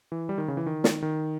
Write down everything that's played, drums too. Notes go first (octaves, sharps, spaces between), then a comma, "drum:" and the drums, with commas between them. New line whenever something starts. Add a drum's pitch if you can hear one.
E3
G3
D#3
C#3
E3
D#3
drum: snare
D#3